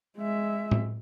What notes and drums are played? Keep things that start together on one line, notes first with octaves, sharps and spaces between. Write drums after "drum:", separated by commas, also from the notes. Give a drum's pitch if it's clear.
G#3 E5
drum: tom A2